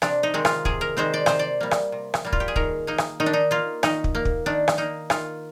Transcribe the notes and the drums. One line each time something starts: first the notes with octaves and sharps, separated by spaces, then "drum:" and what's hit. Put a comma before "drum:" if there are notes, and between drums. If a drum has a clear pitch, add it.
C3 D4, drum: rim click
D#4
D#3 G#3 C4
F4, drum: rim click
C3 G#4, drum: kick
A#4
D#3 G#3 C4 C5
D5
C3 C5, drum: rim click
D5
G3 A#3
drum: rim click
C3
drum: rim click
G3 A#3
F4, drum: kick
G4
G#4
D#3 A#4, drum: kick
A#3 D#4
drum: rim click
D#3 D#4
D4
D#4
A#3 F4
D#3 D#4, drum: rim click
drum: kick
A#3
drum: kick
D#3 D4
drum: rim click
A#3 D#4
D#3 F4, drum: rim click